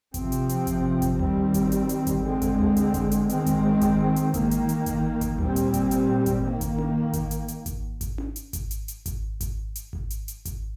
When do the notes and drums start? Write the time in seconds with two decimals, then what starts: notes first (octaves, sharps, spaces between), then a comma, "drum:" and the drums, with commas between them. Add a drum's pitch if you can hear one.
0.14 C3 F3 C4, drum: kick G#1, hi-hat
0.32 drum: hi-hat
0.49 drum: hi-hat
0.67 drum: kick G#1, hi-hat
1.02 drum: kick G#1, hi-hat
1.19 D#3 G3 C4, drum: tom D2
1.54 drum: kick G#1, hi-hat
1.72 drum: hi-hat
1.89 drum: hi-hat
2.07 drum: kick G#1, hi-hat
2.24 D3 G#3 C4
2.42 drum: kick G#1, hi-hat
2.59 drum: tom D2
2.77 drum: hi-hat
2.94 drum: kick G#1, hi-hat
3.11 drum: hi-hat
3.29 D#3 G#3 C4, drum: hi-hat
3.46 drum: kick G#1, hi-hat
3.81 drum: kick G#1, hi-hat
4.16 drum: hi-hat
4.34 D#3 A#3, drum: kick G#1, hi-hat
4.51 drum: hi-hat
4.69 drum: hi-hat
4.86 drum: kick G#1, hi-hat
5.21 drum: kick G#1, hi-hat
5.39 A#2 G3 C4, drum: tom D2
5.56 drum: hi-hat
5.74 drum: kick G#1, hi-hat
5.91 drum: hi-hat
6.26 drum: kick G#1, hi-hat
6.44 D#3 A#3
6.61 drum: kick G#1, hi-hat
6.78 drum: tom C#4
7.13 drum: kick G#1, hi-hat
7.31 drum: hi-hat
7.48 drum: hi-hat
7.66 drum: kick G#1, hi-hat
8.01 drum: kick G#1, hi-hat
8.18 drum: tom C#4
8.36 drum: hi-hat
8.53 drum: kick G#1, hi-hat
8.71 drum: hi-hat
8.88 drum: hi-hat
9.06 drum: kick G#1, hi-hat
9.41 drum: kick G#1, hi-hat
9.75 drum: hi-hat
9.93 drum: kick G#1
10.10 drum: hi-hat
10.28 drum: hi-hat
10.45 drum: kick G#1, hi-hat